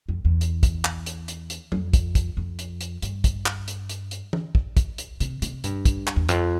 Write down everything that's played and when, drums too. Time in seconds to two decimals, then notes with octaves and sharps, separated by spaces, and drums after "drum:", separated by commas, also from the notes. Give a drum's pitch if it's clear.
0.09 F2
0.25 E2
0.41 drum: hi-hat
0.63 drum: kick, hi-hat
0.85 drum: clap
1.06 drum: hi-hat
1.28 drum: hi-hat
1.50 drum: hi-hat
1.72 F2, drum: tom F#3
1.93 drum: kick, hi-hat
2.15 drum: kick, hi-hat
2.37 F2
2.59 drum: hi-hat
2.81 drum: hi-hat
3.02 G2, drum: hi-hat
3.24 drum: kick, hi-hat
3.46 drum: clap
3.68 drum: hi-hat
3.89 drum: hi-hat
4.11 drum: hi-hat
4.33 drum: tom E3
4.55 drum: kick
4.77 drum: kick, hi-hat
4.98 drum: hi-hat
5.20 C3, drum: hi-hat
5.42 C3, drum: hi-hat
5.64 G2, drum: hi-hat
5.85 drum: kick, hi-hat
6.07 drum: clap
6.16 E2
6.29 F2, drum: hi-hat